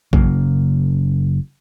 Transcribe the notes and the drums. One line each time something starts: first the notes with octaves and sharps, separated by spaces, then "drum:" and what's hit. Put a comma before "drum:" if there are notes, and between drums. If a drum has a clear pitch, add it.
F#1 C#3 F#3 A#3, drum: kick